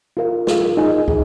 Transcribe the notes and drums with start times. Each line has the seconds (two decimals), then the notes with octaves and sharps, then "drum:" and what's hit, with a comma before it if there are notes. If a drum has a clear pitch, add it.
0.17 F4 A#4 F5
0.47 F4 A#4 F5, drum: snare
0.77 D#4 G#4 D#5 G#5
1.08 D#4 G#4, drum: kick